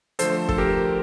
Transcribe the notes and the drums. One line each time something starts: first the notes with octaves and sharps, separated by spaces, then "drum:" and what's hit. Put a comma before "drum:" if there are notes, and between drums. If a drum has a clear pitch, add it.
D3 F3 A3 A4 C5, drum: hi-hat
A4, drum: kick
G4 A#4